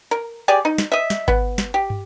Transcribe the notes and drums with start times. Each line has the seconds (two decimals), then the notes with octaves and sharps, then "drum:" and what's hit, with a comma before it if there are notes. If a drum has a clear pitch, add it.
0.11 A#4
0.48 G4 G#4 D5
0.65 D#4
0.78 drum: snare
0.92 D#5 E5
1.10 drum: snare
1.28 B3, drum: kick G#1
1.58 drum: snare
1.74 G4
1.90 drum: tom